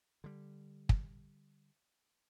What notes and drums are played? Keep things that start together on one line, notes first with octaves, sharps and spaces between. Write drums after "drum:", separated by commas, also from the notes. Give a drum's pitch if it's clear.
D3 G3
drum: kick